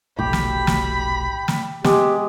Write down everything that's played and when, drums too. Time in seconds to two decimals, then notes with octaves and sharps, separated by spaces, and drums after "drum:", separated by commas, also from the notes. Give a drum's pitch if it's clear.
0.19 F1 B1 A2 G4 B5
0.33 drum: snare
0.67 drum: snare
1.48 drum: snare
1.84 G#3 B3 G4, drum: snare